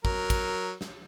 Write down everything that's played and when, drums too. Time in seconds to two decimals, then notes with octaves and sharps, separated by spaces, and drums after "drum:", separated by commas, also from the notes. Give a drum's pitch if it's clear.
0.05 F#3 A#4, drum: kick
0.30 drum: kick, cymbal
0.81 drum: snare